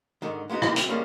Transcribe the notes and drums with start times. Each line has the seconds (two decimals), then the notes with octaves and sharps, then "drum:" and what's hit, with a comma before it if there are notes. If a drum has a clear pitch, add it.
0.22 G#2 D3 D#3
0.49 G#3 A3 B3 D#4 F#4
0.62 G#3 A#3 B3 D#4 E4 G4, drum: rim click
0.76 F#2 C4, drum: hi-hat
0.89 D3 F3 G3 G#3 A#3 C#4